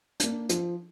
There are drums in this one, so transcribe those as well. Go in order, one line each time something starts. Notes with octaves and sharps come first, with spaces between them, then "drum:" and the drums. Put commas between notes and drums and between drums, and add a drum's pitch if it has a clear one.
A#3 D4, drum: hi-hat
F3, drum: hi-hat